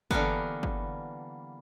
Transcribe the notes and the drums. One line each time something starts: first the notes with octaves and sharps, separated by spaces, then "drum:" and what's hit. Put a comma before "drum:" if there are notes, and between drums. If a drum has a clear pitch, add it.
D3 E3 G3 A#3 B3, drum: kick G1
drum: kick G1